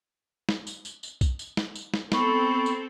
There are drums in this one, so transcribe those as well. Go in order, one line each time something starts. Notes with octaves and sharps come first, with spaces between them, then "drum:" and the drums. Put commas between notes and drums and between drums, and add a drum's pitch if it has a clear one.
drum: snare
drum: tambourine
drum: tambourine
drum: tambourine
drum: kick B1, tambourine
drum: tambourine
drum: snare
drum: tambourine
drum: snare
B3 C4 A4 B5 C#6, drum: snare
drum: tambourine